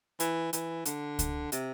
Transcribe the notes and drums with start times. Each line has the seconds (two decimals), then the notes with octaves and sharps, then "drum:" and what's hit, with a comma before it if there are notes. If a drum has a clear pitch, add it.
0.20 E3, drum: hi-hat
0.53 E3, drum: hi-hat
0.85 D3, drum: hi-hat
1.19 drum: kick C#2, hi-hat
1.52 C3, drum: hi-hat